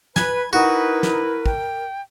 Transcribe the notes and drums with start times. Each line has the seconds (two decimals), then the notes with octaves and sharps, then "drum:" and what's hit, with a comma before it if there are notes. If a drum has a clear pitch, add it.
0.16 B4 G#5 B5, drum: snare
0.53 D#4 E4 F#4 A#4 B4
1.03 drum: snare
1.46 G5, drum: kick